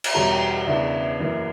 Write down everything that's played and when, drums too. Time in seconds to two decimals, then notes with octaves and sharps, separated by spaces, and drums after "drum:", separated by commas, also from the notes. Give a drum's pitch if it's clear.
0.04 drum: cymbal
0.14 E2 B2 G3 C#4 A#5
0.31 G5
0.49 F#5
0.67 E2 C#3 E3 B3 D4 E5
1.20 F#2 E3 A#3